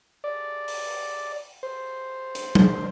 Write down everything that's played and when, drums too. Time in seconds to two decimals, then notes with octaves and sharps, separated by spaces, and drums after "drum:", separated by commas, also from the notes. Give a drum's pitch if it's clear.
0.24 D5
0.68 drum: open hi-hat
1.63 C5
2.35 drum: hi-hat
2.55 drum: tom F#3